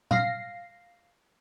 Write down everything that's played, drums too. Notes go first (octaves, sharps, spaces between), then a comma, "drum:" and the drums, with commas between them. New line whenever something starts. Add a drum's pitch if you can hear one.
F5 A#6 C7, drum: tom